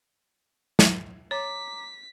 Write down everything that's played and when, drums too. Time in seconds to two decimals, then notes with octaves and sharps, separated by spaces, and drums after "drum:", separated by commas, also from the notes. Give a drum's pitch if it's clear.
0.79 drum: snare
1.31 C#5 A#5 D6 B6